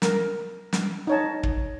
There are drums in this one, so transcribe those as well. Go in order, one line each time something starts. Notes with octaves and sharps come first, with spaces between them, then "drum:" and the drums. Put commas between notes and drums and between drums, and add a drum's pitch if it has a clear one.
A#4, drum: snare
drum: snare
D#4 C#5 A5
drum: kick